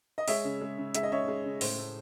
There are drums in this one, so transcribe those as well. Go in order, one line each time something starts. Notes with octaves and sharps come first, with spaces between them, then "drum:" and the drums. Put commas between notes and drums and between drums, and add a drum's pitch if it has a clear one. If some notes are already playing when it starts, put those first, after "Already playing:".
D#5
G#3 C#5 E5, drum: open hi-hat
C#3
G#3
C#3
G#3 E5, drum: hi-hat
D#5
C#3 C#5 E5
G#3
C#3
A2 C5, drum: open hi-hat
A3